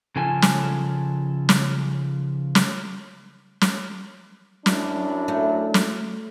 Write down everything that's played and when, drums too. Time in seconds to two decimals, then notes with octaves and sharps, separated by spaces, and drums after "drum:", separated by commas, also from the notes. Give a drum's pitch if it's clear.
0.16 C#3 F3 A4 G#5
0.42 drum: snare
1.49 drum: snare
2.55 drum: snare
3.61 drum: snare
4.66 F#2 D4 E4, drum: snare
5.28 A3
5.74 drum: snare